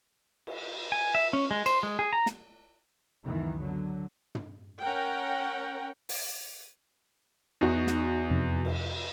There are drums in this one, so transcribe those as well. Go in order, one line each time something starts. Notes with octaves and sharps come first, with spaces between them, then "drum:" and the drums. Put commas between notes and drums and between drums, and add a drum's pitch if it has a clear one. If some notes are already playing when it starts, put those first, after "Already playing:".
drum: cymbal
G#5
E5
C#4
G#3
C5, drum: cymbal
G#3
G#4
A#5
drum: snare
C#2 F#2 D#3 E3 B3
D3 F#3
drum: tom
C#4 A#4 F#5 G5
drum: open hi-hat
E2 D#4 F#4
drum: snare
F2 C3
drum: cymbal